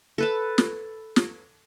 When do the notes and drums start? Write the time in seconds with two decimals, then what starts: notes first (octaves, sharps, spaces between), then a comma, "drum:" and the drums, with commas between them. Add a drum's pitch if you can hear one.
0.18 A4 B4 A5
0.58 drum: snare
1.16 drum: snare